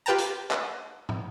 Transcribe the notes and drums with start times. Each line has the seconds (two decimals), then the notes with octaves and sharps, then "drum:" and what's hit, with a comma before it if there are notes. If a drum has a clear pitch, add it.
0.06 F4 G4 B4 G5 A5 A#5
0.18 drum: hi-hat
0.51 drum: clap
1.09 drum: tom